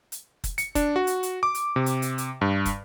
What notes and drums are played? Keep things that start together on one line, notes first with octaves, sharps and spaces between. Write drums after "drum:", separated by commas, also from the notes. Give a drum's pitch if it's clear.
drum: hi-hat
drum: kick, hi-hat
C#7, drum: hi-hat
D4, drum: kick, hi-hat
F#4
drum: hi-hat
drum: hi-hat
D6
drum: hi-hat
C3
drum: hi-hat
drum: hi-hat
drum: hi-hat
G2
drum: kick, hi-hat